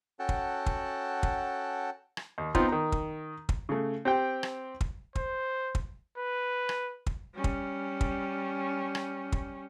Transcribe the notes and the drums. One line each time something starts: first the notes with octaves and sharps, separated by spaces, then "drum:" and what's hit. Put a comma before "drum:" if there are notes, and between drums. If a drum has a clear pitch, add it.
C#4 F#4 A4 F#5 G5 A5
drum: kick
drum: kick
drum: kick
drum: rim click
D#2
B3 C4 D#4 F4, drum: kick
D#3 A#5
drum: kick
drum: kick
C#3 A3
C4 G4 G5
drum: rim click
drum: kick
C5, drum: kick
drum: kick
B4
drum: rim click
drum: kick
G3 C#4
drum: kick
drum: kick
drum: rim click
drum: kick